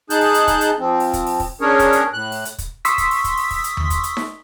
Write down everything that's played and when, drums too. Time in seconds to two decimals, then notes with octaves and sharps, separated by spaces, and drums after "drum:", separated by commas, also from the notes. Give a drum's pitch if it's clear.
0.10 D#4 G#4 A5 F#6 G6, drum: hi-hat
0.21 drum: open hi-hat
0.34 drum: hi-hat
0.48 drum: kick, hi-hat
0.61 drum: hi-hat
0.79 F3 C4
1.00 drum: open hi-hat
1.13 drum: kick, hi-hat
1.27 drum: open hi-hat
1.40 drum: kick, open hi-hat
1.61 C#4 D4 G#4 A#4 C#5
1.79 drum: kick, hi-hat
1.93 drum: hi-hat
2.13 A2 F#6
2.32 drum: open hi-hat
2.45 drum: hi-hat
2.58 drum: kick, hi-hat
2.85 C6 C#6 D#6 E6 B6, drum: hi-hat
2.98 drum: kick, hi-hat
3.11 drum: open hi-hat
3.24 drum: kick, hi-hat
3.38 drum: open hi-hat
3.51 drum: kick, open hi-hat
3.64 drum: hi-hat
3.77 drum: tom D#2
3.90 drum: kick, hi-hat
4.03 drum: hi-hat
4.17 drum: snare D#4